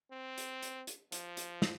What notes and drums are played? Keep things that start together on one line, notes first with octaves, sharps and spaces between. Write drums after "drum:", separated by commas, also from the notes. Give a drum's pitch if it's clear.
C4
drum: hi-hat
drum: hi-hat
drum: hi-hat
F3, drum: hi-hat
drum: hi-hat
drum: snare